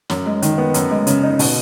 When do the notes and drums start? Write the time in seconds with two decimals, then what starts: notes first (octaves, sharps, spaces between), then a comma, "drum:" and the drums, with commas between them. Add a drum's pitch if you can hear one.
0.10 F#2, drum: snare
0.26 G#3
0.42 D#3, drum: hi-hat
0.58 B3
0.74 F#2, drum: hi-hat
0.91 G#3
1.07 C#3, drum: hi-hat
1.23 D#4
1.39 B2, drum: open hi-hat